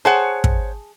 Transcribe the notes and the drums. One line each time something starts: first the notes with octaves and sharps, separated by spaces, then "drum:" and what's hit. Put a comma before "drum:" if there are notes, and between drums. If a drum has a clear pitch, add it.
G#4 C5 C#5 F#5 G#5 A5
drum: kick